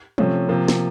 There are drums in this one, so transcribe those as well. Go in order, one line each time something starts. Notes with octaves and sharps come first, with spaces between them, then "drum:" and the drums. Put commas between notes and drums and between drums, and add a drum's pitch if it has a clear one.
C3 F3 A3 C#4, drum: tom F#3
C3 F3 A#3
drum: snare